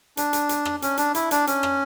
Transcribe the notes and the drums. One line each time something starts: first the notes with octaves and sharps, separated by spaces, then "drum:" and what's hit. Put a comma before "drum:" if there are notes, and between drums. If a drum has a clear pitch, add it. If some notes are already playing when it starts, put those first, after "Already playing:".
D4, drum: hi-hat
drum: hi-hat
drum: hi-hat
drum: rim click
C#4, drum: hi-hat
D4, drum: hi-hat
E4, drum: hi-hat
D4, drum: hi-hat
C#4, drum: hi-hat
drum: rim click